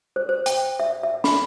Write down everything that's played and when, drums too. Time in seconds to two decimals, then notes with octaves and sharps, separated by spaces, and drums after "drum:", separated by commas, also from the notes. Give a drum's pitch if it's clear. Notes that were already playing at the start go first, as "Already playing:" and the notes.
0.16 C5
0.29 C5
0.46 G5, drum: hi-hat
0.80 E5
1.03 E5
1.24 B5, drum: snare